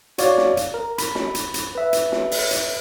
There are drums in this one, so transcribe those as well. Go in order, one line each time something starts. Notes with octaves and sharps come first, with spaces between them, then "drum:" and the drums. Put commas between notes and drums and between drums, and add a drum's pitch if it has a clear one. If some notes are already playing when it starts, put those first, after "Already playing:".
F#4 C#5 D5 F5, drum: hi-hat
drum: snare
drum: hi-hat
A#4
B5, drum: hi-hat
drum: snare
drum: hi-hat
drum: hi-hat
B4 E5
drum: hi-hat
drum: snare
drum: open hi-hat
drum: hi-hat